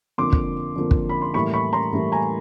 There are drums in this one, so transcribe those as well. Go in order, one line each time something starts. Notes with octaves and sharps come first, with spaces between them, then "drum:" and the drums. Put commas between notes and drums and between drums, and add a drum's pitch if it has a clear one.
F2 D3 F3 A#3 C6 D6
drum: kick
F2 D3 F3 A#3
drum: kick
B5
C6
A2 E3 G3 A#3 B5 C#6
B5 C#6
A#5 C6
A2 E3 G3 A#3
G#5 A#5